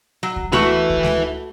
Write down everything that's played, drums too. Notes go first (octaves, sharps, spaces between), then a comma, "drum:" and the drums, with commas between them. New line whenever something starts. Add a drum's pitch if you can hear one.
F#3
drum: kick D2
A3 E4 F#4 B4 E5, drum: snare G#3
drum: kick D2
drum: snare G#3